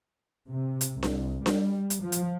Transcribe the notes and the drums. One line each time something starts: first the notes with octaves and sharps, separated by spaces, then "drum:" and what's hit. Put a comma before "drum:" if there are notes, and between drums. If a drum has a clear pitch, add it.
C3
drum: hi-hat
C2, drum: snare D4
G3, drum: snare D4
drum: hi-hat
F3
drum: hi-hat